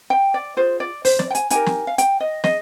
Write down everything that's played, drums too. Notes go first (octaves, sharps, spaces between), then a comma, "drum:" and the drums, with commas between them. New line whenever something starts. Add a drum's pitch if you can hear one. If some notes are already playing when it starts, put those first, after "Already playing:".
G5
D5
F4 G#4 C5
D5
C5, drum: open hi-hat
D5, drum: snare
G5
G#5, drum: hi-hat
D#4 G4 A#4 G#5, drum: hi-hat
drum: snare
F5
G5, drum: hi-hat
D#5
G#4 D#5, drum: snare